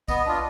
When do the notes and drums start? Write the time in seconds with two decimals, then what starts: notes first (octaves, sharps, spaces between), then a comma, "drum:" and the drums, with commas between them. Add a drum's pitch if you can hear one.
0.08 B3 D#5, drum: kick, tambourine
0.26 D4 F4